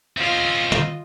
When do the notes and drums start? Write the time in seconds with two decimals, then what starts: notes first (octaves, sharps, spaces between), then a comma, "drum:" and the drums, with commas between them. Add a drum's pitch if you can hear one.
0.17 C4 C#4 F4 D#5
0.72 drum: tom